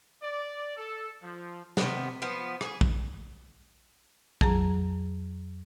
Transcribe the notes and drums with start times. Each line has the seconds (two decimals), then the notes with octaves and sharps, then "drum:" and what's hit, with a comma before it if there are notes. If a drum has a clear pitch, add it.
0.22 D5
0.76 A4
1.22 F3
1.77 C3 D#3 B3, drum: snare
2.22 F3 B3
2.61 G#4, drum: rim click
2.81 drum: kick
4.41 F2 F#3 G#4 A#5, drum: kick